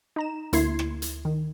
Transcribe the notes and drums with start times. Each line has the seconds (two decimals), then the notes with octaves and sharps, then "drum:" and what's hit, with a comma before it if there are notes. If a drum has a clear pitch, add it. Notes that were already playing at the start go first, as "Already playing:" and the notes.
0.16 D#4 A#5 E7
0.53 D2 A#3 E4 C6 G#6 C7, drum: hi-hat
0.79 drum: rim click
1.02 drum: hi-hat
1.25 D#3